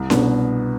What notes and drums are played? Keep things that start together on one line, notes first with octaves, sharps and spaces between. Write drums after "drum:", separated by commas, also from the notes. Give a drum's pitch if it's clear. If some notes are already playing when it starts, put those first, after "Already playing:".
Already playing: C2
B2 B3 D4, drum: snare C#4